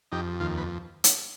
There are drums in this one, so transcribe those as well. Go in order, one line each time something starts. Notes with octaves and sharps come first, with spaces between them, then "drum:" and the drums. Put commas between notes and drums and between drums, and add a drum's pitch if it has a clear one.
F2 D#4 G4
D#2 F4
B4
drum: hi-hat